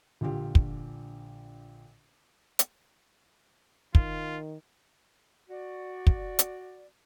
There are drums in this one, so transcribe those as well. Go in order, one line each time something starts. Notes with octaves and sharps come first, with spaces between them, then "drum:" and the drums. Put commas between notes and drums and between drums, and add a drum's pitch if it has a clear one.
A#1 D3 F4 G4
drum: kick
drum: hi-hat
D#3 F4, drum: kick
F#4 D5
drum: kick
drum: hi-hat